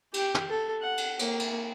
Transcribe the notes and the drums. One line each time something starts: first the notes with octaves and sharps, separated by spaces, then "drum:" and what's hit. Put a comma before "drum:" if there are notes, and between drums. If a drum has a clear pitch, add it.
G4 G5, drum: cymbal
drum: tom
A4
F#5
drum: cymbal
A#3, drum: cymbal
drum: cymbal